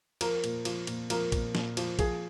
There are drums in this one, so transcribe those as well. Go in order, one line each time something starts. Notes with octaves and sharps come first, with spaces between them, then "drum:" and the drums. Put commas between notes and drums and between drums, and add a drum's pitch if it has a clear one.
F3 A#4, drum: cymbal
A#2, drum: cymbal
F3, drum: cymbal
A#2, drum: cymbal
F3 A#4, drum: cymbal
A#2, drum: kick A#1, cymbal
A#2, drum: snare
F3, drum: cymbal
F3 G#4, drum: kick A#1, cymbal